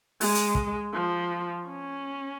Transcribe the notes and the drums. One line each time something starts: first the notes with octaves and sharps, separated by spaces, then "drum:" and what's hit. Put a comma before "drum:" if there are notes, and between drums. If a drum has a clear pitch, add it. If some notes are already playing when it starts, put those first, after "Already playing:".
G#3, drum: open hi-hat
drum: hi-hat
drum: kick
F3
C#4